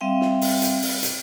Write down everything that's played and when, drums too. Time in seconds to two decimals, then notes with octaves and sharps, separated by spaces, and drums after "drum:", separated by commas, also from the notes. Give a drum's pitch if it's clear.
0.01 G3 C4 E5 F5 G5
0.21 drum: snare
0.41 drum: open hi-hat
0.62 drum: hi-hat
0.82 drum: open hi-hat
1.03 drum: hi-hat